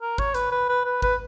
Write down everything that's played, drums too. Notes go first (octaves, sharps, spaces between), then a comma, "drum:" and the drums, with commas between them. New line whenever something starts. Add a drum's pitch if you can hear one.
A#4
C#5, drum: kick G#1
B4, drum: hi-hat
B4
B4
B4
B4, drum: kick G#1